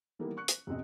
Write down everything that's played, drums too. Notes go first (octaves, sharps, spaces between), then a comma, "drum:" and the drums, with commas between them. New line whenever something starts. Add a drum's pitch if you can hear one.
D#3 E3 G3 A#3 B3 A#4
C#6 F#6 C#7
drum: hi-hat
E2 B2 C4 D#5